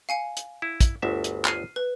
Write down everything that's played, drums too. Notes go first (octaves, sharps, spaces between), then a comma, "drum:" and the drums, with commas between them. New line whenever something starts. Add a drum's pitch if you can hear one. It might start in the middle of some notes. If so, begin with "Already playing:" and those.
F5 G#5 C#7
drum: hi-hat
E4
drum: kick, hi-hat
G1 D2 E5
drum: hi-hat
F6 C7 D#7, drum: clap
B4